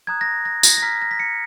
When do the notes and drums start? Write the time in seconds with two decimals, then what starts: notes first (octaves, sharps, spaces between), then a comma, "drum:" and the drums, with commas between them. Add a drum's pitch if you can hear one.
0.07 A#5 D#6 F#6 G#6
0.21 A#6
0.45 A#6
0.63 A#6, drum: tambourine
0.77 A#6
0.82 A#5 F6 B6
1.02 A#6
1.11 B6
1.20 C#7